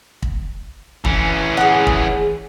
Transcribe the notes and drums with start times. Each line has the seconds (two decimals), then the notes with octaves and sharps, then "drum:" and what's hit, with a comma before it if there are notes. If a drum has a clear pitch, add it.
0.22 drum: kick
1.05 E3 C#4, drum: kick
1.57 G#4 F#5
1.87 drum: kick